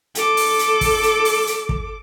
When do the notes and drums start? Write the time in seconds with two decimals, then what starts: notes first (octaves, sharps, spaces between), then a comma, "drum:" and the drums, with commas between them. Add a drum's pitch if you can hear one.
0.15 A4 D6, drum: hi-hat
0.37 drum: open hi-hat
0.59 drum: hi-hat
0.81 drum: kick, open hi-hat
1.03 drum: hi-hat
1.25 drum: open hi-hat
1.47 drum: hi-hat
1.69 drum: kick